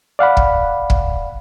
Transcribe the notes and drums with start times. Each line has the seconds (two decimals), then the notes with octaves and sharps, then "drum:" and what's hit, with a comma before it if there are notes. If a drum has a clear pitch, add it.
0.19 D5 F5 F#5 B5
0.37 drum: kick
0.90 drum: kick